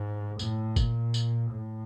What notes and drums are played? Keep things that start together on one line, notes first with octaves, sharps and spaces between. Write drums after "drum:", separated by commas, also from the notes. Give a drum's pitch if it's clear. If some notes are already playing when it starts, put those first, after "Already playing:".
Already playing: G#2
A2, drum: tambourine
A#2, drum: kick G1, tambourine
drum: tambourine
A2